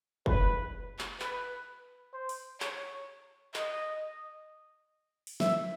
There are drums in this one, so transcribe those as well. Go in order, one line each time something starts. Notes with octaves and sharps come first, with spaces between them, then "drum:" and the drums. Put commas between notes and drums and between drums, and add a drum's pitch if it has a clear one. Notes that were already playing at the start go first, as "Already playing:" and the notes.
B4, drum: kick
drum: clap
B4, drum: clap
C5
drum: open hi-hat
C#5, drum: clap
D#5, drum: clap
drum: open hi-hat
E5, drum: snare